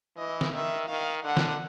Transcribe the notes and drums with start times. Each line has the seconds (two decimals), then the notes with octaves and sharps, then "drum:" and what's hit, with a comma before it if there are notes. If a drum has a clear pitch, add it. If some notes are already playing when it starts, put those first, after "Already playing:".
0.17 E3 D#5
0.41 drum: snare
0.52 D#3 E5
0.89 D#3 F5
1.24 D3 F#5
1.37 drum: snare